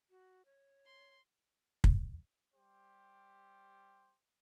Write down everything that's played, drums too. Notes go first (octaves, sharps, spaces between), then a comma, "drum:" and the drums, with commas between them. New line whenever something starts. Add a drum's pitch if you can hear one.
F#4
C#5
C6
drum: kick
G3 G4 C5